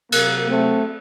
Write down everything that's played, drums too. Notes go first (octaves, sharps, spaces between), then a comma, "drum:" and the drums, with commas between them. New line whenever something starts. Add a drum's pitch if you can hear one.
C3 F#3 A#3, drum: cymbal
A3 C4